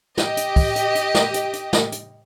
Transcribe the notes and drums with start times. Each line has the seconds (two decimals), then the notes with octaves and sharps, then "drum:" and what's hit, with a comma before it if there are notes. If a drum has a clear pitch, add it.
0.17 G4 D#5, drum: snare
0.37 drum: hi-hat
0.56 drum: kick, open hi-hat
0.76 drum: hi-hat
0.95 drum: hi-hat
1.15 drum: snare
1.34 drum: hi-hat
1.53 drum: hi-hat
1.73 drum: snare
1.92 drum: hi-hat